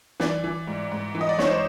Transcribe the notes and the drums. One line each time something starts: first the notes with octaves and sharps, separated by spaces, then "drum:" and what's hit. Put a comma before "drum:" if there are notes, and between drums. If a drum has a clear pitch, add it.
E3 D5, drum: snare
E3
G#2
G#2
E3
D#5
D5
E3 C#5, drum: snare
C5